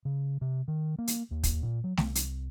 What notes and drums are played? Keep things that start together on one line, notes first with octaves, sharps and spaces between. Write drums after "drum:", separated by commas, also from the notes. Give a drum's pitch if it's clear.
C#3
C3
D#3
A#3
drum: hi-hat
D#2
drum: kick, hi-hat
A#2
F#3
C2, drum: snare A3
drum: hi-hat